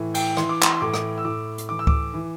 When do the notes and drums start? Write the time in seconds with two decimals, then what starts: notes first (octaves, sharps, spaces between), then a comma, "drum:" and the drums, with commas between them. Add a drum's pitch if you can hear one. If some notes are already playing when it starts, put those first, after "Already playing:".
Already playing: A2 E3
0.14 G5, drum: cymbal
0.37 E3 C6, drum: rim click
0.49 D6
0.63 C6, drum: clap
0.76 C6
0.81 A2 D6
0.94 drum: rim click
1.18 E6
1.25 A2 D6
1.58 drum: hi-hat
1.69 E3 D6
1.79 E6
1.87 D6, drum: kick C#2
2.14 E3